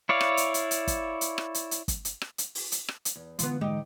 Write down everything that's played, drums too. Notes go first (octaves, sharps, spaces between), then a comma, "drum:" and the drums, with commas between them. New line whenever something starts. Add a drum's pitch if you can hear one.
E4 C#5 D5 F5
drum: rim click
drum: hi-hat
drum: hi-hat
drum: hi-hat
drum: kick, hi-hat
drum: hi-hat
drum: rim click
drum: hi-hat
drum: hi-hat
drum: kick, hi-hat
drum: hi-hat
drum: rim click
drum: hi-hat
drum: open hi-hat
drum: hi-hat
drum: rim click
drum: hi-hat
E2
D3 E3 G#3 B3 F4, drum: hi-hat
G#2 D#4 G4